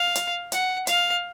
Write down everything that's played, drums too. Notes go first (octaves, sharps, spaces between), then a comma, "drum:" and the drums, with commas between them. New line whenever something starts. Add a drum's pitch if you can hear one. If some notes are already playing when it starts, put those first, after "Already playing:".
Already playing: F5
drum: hi-hat
F#5, drum: hi-hat
F5, drum: hi-hat